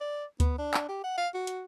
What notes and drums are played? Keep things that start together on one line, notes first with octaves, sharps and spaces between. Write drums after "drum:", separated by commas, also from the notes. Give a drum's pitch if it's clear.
D5
B3, drum: kick D2, hi-hat
D4
drum: clap
G4
F#5
F5
F#4
drum: hi-hat